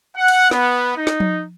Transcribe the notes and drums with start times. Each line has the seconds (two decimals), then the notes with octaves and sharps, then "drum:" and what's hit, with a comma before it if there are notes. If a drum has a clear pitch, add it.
0.16 F#5
0.28 drum: cymbal
0.51 B3, drum: snare
0.97 D#4
1.07 drum: snare
1.20 drum: tom F3